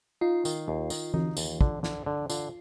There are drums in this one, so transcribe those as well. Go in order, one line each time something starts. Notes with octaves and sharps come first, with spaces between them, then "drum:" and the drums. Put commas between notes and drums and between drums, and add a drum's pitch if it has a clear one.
D#4 F4
D#3, drum: tambourine
D#2
D#3, drum: tambourine
D#4, drum: tom E3
D#2, drum: tambourine
D3, drum: kick
D3, drum: snare
D3
D3 F4, drum: tambourine